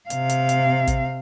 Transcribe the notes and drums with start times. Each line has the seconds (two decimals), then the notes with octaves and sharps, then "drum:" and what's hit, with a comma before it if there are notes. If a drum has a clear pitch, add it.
0.10 C3 F5, drum: hi-hat
0.30 drum: hi-hat
0.49 drum: hi-hat
0.87 drum: kick, hi-hat